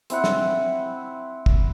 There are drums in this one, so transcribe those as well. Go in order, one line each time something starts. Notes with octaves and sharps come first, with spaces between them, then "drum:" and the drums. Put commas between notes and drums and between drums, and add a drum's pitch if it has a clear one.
C4 E4 F#5, drum: hi-hat
drum: snare
drum: kick